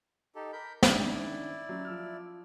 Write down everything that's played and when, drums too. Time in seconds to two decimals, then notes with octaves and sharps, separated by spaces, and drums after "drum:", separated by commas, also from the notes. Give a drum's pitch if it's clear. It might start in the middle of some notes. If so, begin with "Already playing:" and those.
0.35 D#4 G4 A4
0.53 A#4 B5 G6
0.83 D#3 C#4 D4 E4 D5, drum: snare
1.69 F#3 C#4
1.85 F3 E6 F6